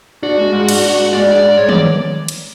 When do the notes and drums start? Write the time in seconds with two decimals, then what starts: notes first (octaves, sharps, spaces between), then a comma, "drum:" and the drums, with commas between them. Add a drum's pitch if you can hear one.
0.23 D4 F#4
0.37 G#3
0.52 G#2
0.69 D4, drum: cymbal
0.83 D4
0.97 G#2
1.13 G#3 D5
1.27 D4
1.35 D5
1.42 G#2
1.57 G#2 C#5
1.69 D5, drum: tom D#3
2.28 drum: cymbal